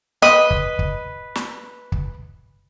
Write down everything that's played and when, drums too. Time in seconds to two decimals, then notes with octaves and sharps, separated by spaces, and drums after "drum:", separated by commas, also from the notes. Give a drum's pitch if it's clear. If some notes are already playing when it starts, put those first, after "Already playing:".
0.22 B4 D#5 B5
0.51 drum: kick
0.79 drum: kick
1.35 drum: snare
1.92 drum: kick